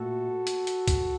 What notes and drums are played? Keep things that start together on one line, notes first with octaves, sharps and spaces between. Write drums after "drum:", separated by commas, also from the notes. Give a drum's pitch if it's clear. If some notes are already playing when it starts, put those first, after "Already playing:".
Already playing: A#2 A3 F#4 A4
drum: hi-hat
drum: hi-hat
drum: kick C#2, hi-hat